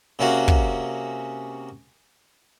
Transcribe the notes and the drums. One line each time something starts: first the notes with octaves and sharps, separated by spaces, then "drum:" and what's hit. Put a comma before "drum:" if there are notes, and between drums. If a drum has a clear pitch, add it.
C3 A#3 C#4 F#4 G#4
drum: kick